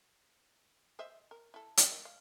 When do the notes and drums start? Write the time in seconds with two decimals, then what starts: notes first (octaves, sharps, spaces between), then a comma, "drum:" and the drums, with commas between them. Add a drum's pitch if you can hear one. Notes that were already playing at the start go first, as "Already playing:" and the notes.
0.99 C5 D#5 E5
1.31 A#4
1.54 E4 A4
1.77 G3 D#5, drum: hi-hat
1.91 D#3
2.05 F5